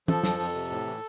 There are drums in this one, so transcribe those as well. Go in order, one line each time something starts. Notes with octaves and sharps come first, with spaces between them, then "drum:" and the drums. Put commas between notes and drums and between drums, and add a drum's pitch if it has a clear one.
F3 A4, drum: tom
F2, drum: snare
F2, drum: open hi-hat
C3
A2
E3